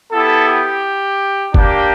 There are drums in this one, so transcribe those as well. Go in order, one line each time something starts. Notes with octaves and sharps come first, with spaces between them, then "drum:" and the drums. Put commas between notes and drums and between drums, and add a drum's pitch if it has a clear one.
B3 E4 G4 A4
G4
A#3 D4 G4, drum: kick F#1